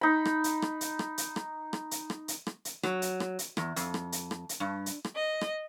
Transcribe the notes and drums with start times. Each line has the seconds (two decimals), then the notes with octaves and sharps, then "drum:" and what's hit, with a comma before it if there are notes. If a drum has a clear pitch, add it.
0.01 D#4 B5
0.25 drum: rim click
0.44 drum: hi-hat
0.62 drum: rim click
0.81 drum: hi-hat
0.99 drum: rim click
1.18 drum: hi-hat
1.36 drum: rim click
1.73 drum: rim click
1.91 drum: hi-hat
2.10 drum: rim click
2.28 drum: hi-hat
2.47 drum: rim click
2.65 drum: hi-hat
2.83 F#3, drum: rim click
3.02 drum: hi-hat
3.20 drum: rim click
3.39 drum: hi-hat
3.57 E2, drum: rim click
3.76 F2, drum: hi-hat
3.94 drum: rim click
4.12 drum: hi-hat
4.31 drum: rim click
4.49 drum: hi-hat
4.60 G2
4.86 drum: hi-hat
5.05 drum: rim click
5.15 D#5
5.41 drum: rim click